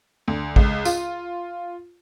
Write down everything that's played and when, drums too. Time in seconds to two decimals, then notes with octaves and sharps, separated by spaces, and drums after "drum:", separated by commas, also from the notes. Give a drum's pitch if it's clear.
0.28 D2
0.56 C#2, drum: kick A1
0.85 F4, drum: tambourine